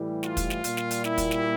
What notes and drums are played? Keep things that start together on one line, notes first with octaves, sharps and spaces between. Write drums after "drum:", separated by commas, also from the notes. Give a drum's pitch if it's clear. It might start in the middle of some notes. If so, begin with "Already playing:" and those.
Already playing: A2 E3 G3
F4, drum: snare
drum: kick, hi-hat
drum: snare
A#2 G3, drum: hi-hat
drum: snare
drum: hi-hat
E4, drum: snare
drum: kick, hi-hat
drum: snare